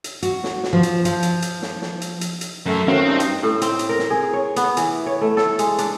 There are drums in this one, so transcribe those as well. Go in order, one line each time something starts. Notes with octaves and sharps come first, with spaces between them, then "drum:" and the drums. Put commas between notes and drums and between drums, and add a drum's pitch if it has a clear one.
drum: hi-hat
F#4, drum: hi-hat
drum: snare
drum: snare
F3
drum: hi-hat
F3, drum: hi-hat
drum: hi-hat
drum: hi-hat
drum: snare
drum: snare
drum: hi-hat
drum: hi-hat
drum: hi-hat
F#2 A3
D#3 A3 C4 C#4 F#4 A#4 F5
G2 D#4
drum: hi-hat
A2
C4, drum: hi-hat
drum: hi-hat
A#4
drum: snare
G#4
C#5
B3, drum: hi-hat
E3, drum: hi-hat
C#5
A3
A4, drum: snare
G#3, drum: hi-hat
D4, drum: hi-hat